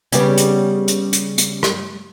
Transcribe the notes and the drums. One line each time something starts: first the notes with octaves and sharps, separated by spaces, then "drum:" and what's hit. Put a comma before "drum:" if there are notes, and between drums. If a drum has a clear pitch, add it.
C#3 G3 B3, drum: hi-hat
drum: hi-hat
drum: hi-hat
drum: hi-hat
drum: hi-hat
drum: rim click